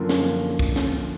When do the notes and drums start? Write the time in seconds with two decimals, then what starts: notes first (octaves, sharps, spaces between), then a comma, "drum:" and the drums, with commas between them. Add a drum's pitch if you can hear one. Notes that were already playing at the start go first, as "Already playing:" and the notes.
Already playing: F#2 D3 F3 A#3 F4
0.09 drum: snare
0.59 drum: kick
0.76 drum: snare